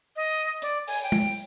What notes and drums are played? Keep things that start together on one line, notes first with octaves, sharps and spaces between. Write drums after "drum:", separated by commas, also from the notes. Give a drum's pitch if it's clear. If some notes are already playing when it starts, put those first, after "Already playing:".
D#5
D5, drum: hi-hat
G#5, drum: open hi-hat
G5
drum: tom G#3